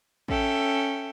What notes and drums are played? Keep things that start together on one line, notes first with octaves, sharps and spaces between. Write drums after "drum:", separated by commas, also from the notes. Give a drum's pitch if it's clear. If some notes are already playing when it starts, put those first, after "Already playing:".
C#4 A4 E5 G5, drum: kick A1